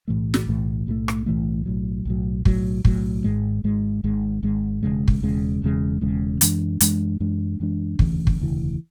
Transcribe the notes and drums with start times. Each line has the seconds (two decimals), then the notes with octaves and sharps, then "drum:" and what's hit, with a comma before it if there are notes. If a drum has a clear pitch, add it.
0.08 B1 A2 E3 A3
0.34 drum: snare
0.47 B1 A2 E3 A3
0.87 B1 A2 E3 A3
1.08 drum: rim click
1.26 B1 A2 E3 A3
1.66 B1 A2 F#3
2.05 B1 A2 F#3
2.45 B1 A2 F#3, drum: kick
2.85 B1 A2 F#3, drum: kick
3.24 G#1 G#2 G#3
3.64 G#1 G#2 G#3
4.04 G#1 G#2 G#3
4.43 G#1 G#2 G#3
4.83 E1 E2 C#3 G#3
5.08 drum: kick
5.22 E1 E2 C#3 G#3
5.62 E1 E2 C#3 G#3
6.01 E1 E2 C#3 G#3
6.41 F#2 E3 G#3 D4, drum: hi-hat
6.80 F#2 E3 G#3 D4, drum: hi-hat
7.20 F#2 E3 G#3 D4
7.60 F#2 E3 G#3 D4
7.99 E1 D2 C#3 E3, drum: kick
8.27 drum: kick
8.39 E1 D2 C#3 E3